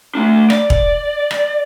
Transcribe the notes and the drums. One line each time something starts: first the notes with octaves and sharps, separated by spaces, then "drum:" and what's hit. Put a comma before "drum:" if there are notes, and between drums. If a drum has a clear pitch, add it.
A3 D4
D5, drum: rim click
drum: kick E1
drum: rim click